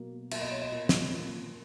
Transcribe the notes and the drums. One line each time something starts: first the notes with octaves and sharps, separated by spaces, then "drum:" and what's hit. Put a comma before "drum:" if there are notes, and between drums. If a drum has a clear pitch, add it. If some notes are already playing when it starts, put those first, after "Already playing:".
Already playing: B2 F#3 A#3
B2 F#3 A#3 E5, drum: cymbal
D#5
C#5
D#5
A#2 A#3
drum: snare
A#2 A#3